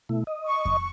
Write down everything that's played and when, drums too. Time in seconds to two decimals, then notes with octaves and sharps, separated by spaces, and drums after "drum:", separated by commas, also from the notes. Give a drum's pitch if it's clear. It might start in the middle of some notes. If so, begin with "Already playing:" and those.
0.09 B2 A3 E4
0.27 D#5
0.45 C#6
0.65 drum: kick F2